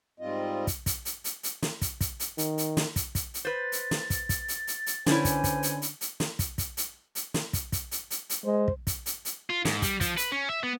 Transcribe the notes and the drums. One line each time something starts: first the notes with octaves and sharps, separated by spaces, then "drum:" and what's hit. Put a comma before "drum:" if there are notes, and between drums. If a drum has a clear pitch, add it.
G#2 G3 C4 F4 D#5
drum: kick, hi-hat
drum: kick, hi-hat
drum: hi-hat
drum: hi-hat
drum: hi-hat
drum: snare
drum: kick, hi-hat
drum: kick, hi-hat
drum: hi-hat
D#3, drum: hi-hat
drum: hi-hat
drum: snare
drum: kick, hi-hat
drum: kick, hi-hat
drum: hi-hat
B4 C5 A6
drum: hi-hat
drum: snare
drum: kick, hi-hat
drum: kick, hi-hat
drum: hi-hat
drum: hi-hat
drum: hi-hat
D3 C#4 E4 B4 C5 D5 G#5, drum: snare
drum: kick, hi-hat
drum: kick, hi-hat
drum: hi-hat
drum: hi-hat
drum: hi-hat
drum: snare
drum: kick, hi-hat
drum: kick, hi-hat
drum: hi-hat
drum: hi-hat
drum: snare
drum: kick, hi-hat
drum: kick, hi-hat
drum: hi-hat
drum: hi-hat
drum: hi-hat
G#3 C5
drum: kick
drum: kick, hi-hat
drum: hi-hat
drum: hi-hat
F4
G#2, drum: snare
G3, drum: kick, hi-hat
F3, drum: kick, hi-hat
B4, drum: hi-hat
C#4
E5
B3